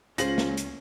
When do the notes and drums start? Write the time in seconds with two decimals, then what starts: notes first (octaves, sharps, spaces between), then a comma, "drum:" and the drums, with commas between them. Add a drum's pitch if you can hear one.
0.18 C#2 C#4 F4 G#4 C5 A#6 F#7, drum: hi-hat
0.38 drum: snare
0.57 drum: hi-hat